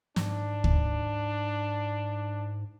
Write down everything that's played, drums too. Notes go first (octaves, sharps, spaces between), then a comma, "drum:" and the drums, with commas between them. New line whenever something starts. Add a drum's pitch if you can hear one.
G#2 D4, drum: snare
drum: kick